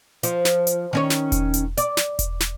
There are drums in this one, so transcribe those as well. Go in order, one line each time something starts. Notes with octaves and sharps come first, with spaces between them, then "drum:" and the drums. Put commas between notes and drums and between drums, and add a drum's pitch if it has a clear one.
F3, drum: hi-hat
drum: snare
drum: hi-hat
D#3 C#4 C#5
drum: snare
drum: kick E1, hi-hat
drum: hi-hat
D5, drum: hi-hat
drum: snare
drum: kick E1, hi-hat
drum: snare